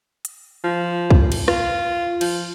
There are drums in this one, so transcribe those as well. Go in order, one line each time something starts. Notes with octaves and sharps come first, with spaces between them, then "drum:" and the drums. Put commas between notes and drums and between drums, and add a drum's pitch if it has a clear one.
drum: hi-hat
F3
drum: kick
drum: cymbal
F4, drum: rim click
F3, drum: cymbal